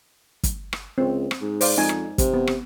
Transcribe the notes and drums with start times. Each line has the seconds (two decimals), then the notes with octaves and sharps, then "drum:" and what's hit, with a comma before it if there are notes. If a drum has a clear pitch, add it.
0.43 drum: kick, hi-hat
0.73 drum: rim click
0.98 C#2 C4
1.31 drum: rim click
1.41 G#2
1.61 C5 D5 F5, drum: open hi-hat
1.77 F2 G#3 D#4 G#5
1.89 drum: rim click
2.18 C3, drum: kick, hi-hat
2.34 B3
2.47 drum: rim click